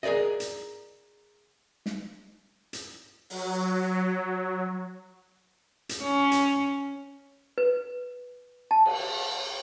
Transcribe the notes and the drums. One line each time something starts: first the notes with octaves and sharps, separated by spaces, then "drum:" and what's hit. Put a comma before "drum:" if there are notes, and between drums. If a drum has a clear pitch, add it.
G#4 A#4 B4 D5 D#5
drum: hi-hat
drum: snare
drum: hi-hat
F#3, drum: open hi-hat
drum: hi-hat
C#4
drum: hi-hat
B4
A5
drum: cymbal